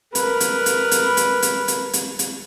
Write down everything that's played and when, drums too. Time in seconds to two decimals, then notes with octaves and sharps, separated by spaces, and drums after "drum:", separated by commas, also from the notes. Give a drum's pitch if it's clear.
0.15 A#4 B4, drum: hi-hat
0.40 drum: hi-hat
0.66 drum: hi-hat
0.91 drum: hi-hat
1.17 drum: hi-hat
1.42 drum: hi-hat
1.68 drum: hi-hat
1.93 drum: hi-hat
2.19 drum: hi-hat